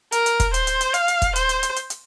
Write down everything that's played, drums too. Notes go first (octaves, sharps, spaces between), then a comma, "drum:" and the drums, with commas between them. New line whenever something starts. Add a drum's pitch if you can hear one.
A#4, drum: hi-hat
drum: hi-hat
drum: kick, hi-hat
C5, drum: hi-hat
drum: hi-hat
drum: hi-hat
F5, drum: hi-hat
drum: hi-hat
drum: kick, hi-hat
C5, drum: hi-hat
drum: hi-hat
drum: hi-hat
drum: hi-hat
drum: hi-hat